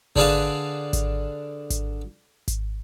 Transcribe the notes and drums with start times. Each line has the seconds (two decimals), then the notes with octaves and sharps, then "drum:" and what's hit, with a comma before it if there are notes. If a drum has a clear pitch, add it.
0.16 D3 D4 G#4 B4 F5 A5, drum: kick G#1
0.93 drum: kick G#1, hi-hat
1.70 drum: kick G#1, hi-hat
2.48 drum: kick G#1, hi-hat